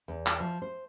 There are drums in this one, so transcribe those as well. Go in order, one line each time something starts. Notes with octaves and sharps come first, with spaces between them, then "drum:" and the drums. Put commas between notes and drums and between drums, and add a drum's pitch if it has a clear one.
E2
drum: clap
F3
C5